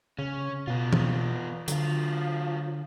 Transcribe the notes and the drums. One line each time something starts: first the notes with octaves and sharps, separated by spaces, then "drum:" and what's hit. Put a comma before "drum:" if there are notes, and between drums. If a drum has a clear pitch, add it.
C#3 C#4
B2 B3 F4
drum: tom E3
D3 F#3 F4, drum: hi-hat